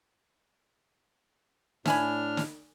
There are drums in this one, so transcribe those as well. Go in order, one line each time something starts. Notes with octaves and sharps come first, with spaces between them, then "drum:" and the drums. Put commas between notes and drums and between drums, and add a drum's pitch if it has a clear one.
A2 D4 E5 G#5 B5 F6, drum: snare
drum: snare